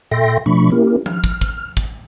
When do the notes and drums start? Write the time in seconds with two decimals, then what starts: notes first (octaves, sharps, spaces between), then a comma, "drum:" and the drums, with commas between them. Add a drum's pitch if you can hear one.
0.11 A#2 A4 E5 G5 C6 A#6
0.46 B2 F3 A3 D4 B5 C#6
0.72 A#3 C#4 E4 G4 A#4
1.06 F6, drum: tom F3
1.24 drum: kick
1.41 drum: kick
1.77 drum: kick